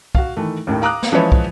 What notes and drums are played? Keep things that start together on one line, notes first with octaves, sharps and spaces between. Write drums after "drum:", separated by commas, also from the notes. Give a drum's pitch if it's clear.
F#4 F5, drum: kick
D#3 E3 A3
D#2 A2 D#3
F5 A#5 D6 D#6 F#6
drum: snare
E3 F3 G#3 B4 C#5 E5
drum: kick